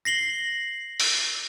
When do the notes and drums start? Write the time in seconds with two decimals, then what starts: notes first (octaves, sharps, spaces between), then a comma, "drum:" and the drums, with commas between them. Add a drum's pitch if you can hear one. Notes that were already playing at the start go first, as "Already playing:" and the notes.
0.05 A#6 C7 F#7 G7
1.00 drum: open hi-hat